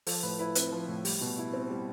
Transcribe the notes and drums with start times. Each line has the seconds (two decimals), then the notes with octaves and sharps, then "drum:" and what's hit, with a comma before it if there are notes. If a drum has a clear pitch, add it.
0.07 F3 A4, drum: open hi-hat
0.23 A2 B4
0.39 E4 B4
0.55 C4 B4, drum: hi-hat
0.72 F3
0.88 A2
1.05 G3, drum: open hi-hat
1.21 B2
1.38 E4
1.53 C4
1.70 G3